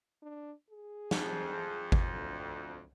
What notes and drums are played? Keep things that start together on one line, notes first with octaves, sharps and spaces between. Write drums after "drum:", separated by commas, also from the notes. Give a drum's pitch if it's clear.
D4
G#4
F2, drum: snare
drum: kick G#1
D2